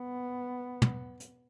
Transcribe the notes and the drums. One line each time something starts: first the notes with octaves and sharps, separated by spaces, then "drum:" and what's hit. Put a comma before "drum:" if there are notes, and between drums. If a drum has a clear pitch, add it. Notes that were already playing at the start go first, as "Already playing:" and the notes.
Already playing: B3
drum: tom
drum: hi-hat